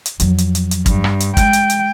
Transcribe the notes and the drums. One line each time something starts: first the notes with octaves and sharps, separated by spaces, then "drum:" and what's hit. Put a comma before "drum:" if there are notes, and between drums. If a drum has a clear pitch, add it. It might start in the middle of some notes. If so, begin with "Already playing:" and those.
drum: hi-hat
F2 F#3, drum: hi-hat
drum: hi-hat
drum: hi-hat
drum: hi-hat
G2, drum: kick, hi-hat
drum: rim click
drum: hi-hat
G#3 G5, drum: kick, hi-hat
drum: hi-hat
drum: hi-hat